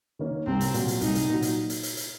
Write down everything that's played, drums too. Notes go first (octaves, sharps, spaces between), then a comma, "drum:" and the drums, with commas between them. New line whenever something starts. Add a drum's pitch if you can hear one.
D#3 A#3 C#4
C2 C4
drum: hi-hat
A#2 F#3, drum: hi-hat
drum: hi-hat
C2 D#4, drum: hi-hat
drum: hi-hat
A#2 F#3
drum: hi-hat
drum: hi-hat
drum: hi-hat
drum: hi-hat